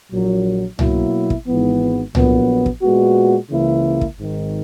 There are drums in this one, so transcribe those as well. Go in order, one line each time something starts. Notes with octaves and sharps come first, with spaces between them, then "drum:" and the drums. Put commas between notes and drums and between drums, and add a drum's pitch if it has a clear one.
A#1 A#2 F#3
B2 F#3 A#3 E4, drum: tom C2
drum: kick
G#1 G#2 E3 B3
A#1 A#2 F#3 B3, drum: tom C2
drum: kick
A#2 G#3 B3 F#4
C#2 C#3 E3 A#3 E4
drum: kick
G#1 G#2 D#3